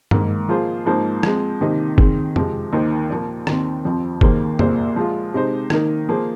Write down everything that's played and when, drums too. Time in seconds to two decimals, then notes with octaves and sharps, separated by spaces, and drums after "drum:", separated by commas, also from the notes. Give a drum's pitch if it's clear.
0.11 G#2 D#3 A#3, drum: tom G2
0.49 F3 A#3 F4 G#4 C5
0.86 G#2 F3 A#3 D#4 C5
1.23 F3 G#3 C4, drum: rim click
1.61 C3 D#3 A#3 D#4 C5
1.98 D#3 C4 G#4, drum: kick F#1
2.36 C3 F3 G#3 C4, drum: tom
2.73 D#2 D#3 A#3 D#4 C5
3.10 A#2 F3 A#3
3.47 D#2 D#3 C4, drum: rim click
3.85 F2 F3 C4
4.21 D#2 D#3 A#3 G#4 C5, drum: kick F#1
4.59 C2 A#2 A#3 G#4 C5, drum: tom
4.96 F3 G#3 F4
5.34 C3 G#3 D#4 C5
5.70 D#3 A#3 D#4 A#4, drum: rim click
6.09 F3 A#3 G#4 C5